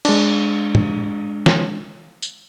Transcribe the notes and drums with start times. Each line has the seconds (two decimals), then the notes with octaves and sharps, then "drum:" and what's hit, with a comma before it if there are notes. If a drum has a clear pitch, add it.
0.05 G#3 D4, drum: cymbal
0.75 drum: tom
1.46 drum: snare
2.22 drum: tambourine